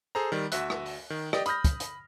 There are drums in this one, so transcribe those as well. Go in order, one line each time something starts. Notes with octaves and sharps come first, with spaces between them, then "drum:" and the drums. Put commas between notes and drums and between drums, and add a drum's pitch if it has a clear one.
G#4 A4 C5 A#5
D#3 G3
D2 F#4 E5 F#6, drum: hi-hat
drum: rim click
drum: open hi-hat
D#3
G4 D5 D#5, drum: rim click
B5 D#6 F6 G6 A#6, drum: hi-hat
drum: kick, hi-hat
drum: hi-hat